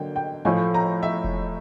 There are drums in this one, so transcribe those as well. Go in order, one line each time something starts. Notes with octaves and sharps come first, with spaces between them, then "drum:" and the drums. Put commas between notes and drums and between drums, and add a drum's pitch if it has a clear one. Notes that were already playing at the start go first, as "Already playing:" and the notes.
Already playing: D3 F#3 A#3 G5
G5
A2 F3 A3 G#5
A#5
E5
drum: kick F1